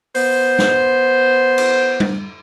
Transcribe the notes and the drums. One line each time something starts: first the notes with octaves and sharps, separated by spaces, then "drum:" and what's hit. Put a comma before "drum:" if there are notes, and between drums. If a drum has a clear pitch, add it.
B3 C5, drum: open hi-hat
drum: snare
drum: cymbal
drum: tom G3